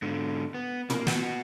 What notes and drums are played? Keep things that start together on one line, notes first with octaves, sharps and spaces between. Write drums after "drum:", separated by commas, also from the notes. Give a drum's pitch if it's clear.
G#2 D3
B3
A#3, drum: tom
B3 F#4, drum: snare